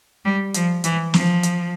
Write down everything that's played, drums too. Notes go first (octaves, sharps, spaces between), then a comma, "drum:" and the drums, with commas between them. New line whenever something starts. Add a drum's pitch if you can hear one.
G3
F3, drum: hi-hat
E3, drum: hi-hat
F3, drum: snare
drum: hi-hat